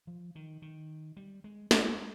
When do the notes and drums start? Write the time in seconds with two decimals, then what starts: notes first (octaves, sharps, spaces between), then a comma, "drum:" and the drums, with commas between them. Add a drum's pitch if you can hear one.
0.07 F3
0.35 D#3
0.62 D#3
1.17 G3
1.44 G#3
1.71 G#3, drum: snare